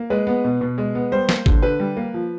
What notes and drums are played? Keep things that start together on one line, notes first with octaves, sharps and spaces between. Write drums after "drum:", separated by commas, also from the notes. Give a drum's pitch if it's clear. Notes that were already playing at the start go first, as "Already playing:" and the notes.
Already playing: A#3
G#3 B4
B3
B2
B2
G#3
B3
G3 C5
A#3, drum: snare
D3, drum: kick
D3 B4
G3
A#3
F3